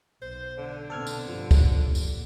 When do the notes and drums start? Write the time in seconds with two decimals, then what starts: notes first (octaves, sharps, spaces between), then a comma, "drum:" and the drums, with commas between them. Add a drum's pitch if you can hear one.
0.22 B1 C5
0.58 D3
0.90 B2 C4 A4 F6 G#6
1.07 drum: tambourine
1.29 G2 F3
1.51 drum: kick, tambourine
1.76 C2 A#2
1.95 drum: tambourine